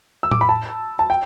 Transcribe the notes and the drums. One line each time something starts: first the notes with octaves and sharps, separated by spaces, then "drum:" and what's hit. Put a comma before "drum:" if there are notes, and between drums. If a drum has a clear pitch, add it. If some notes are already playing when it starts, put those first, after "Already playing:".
E6
D6, drum: tom A2
B5
A5
A5
G5